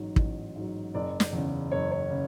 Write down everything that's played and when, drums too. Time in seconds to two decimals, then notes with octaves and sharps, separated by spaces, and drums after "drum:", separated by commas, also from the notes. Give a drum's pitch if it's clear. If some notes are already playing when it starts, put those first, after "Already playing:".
Already playing: A1 G#2 F#3
0.16 A1, drum: kick
0.56 G#2 F#3
0.94 F#1 D5
1.20 drum: snare
1.33 E2 C#3
1.71 F#1 C#5
1.91 C#5
2.10 C#3